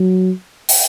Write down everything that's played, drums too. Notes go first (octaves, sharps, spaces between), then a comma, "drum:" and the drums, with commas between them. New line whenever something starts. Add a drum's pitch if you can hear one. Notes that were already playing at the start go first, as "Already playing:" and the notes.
Already playing: F#3
drum: open hi-hat